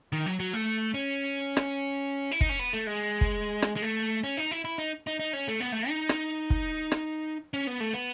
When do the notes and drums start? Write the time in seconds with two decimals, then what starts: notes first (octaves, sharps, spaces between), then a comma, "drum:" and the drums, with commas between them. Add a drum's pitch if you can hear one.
0.13 D#3
0.26 F#3
0.40 F#3
0.53 A3
0.94 C#4
1.57 drum: rim click
2.32 E4
2.41 D#4, drum: kick
2.49 C#4
2.59 B3
2.73 A3
2.87 G#3
3.21 drum: kick
3.62 drum: rim click
3.76 G#3
3.82 A3
4.24 C#4
4.37 D#4
4.51 E4
4.65 E4
4.78 D#4
5.07 D#4
5.20 D#4
5.33 C#4
5.48 A3
5.60 B3
5.72 A3
5.89 D#4
6.09 drum: rim click
6.50 drum: kick
6.91 drum: rim click
7.54 C#4
7.67 B3
7.80 A3
7.94 B3